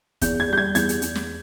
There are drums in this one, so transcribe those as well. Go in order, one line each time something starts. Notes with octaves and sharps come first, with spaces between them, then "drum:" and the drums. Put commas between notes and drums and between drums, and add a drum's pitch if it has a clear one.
E2 G6, drum: kick, hi-hat
G#6
G3 G6
G#6
E2 G#6, drum: hi-hat
drum: hi-hat
E2, drum: hi-hat
drum: snare